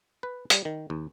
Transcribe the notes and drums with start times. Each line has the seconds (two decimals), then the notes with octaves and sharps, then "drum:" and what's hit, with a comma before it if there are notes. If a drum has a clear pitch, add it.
0.23 B4
0.50 G3, drum: hi-hat
0.65 D#3
0.90 D#2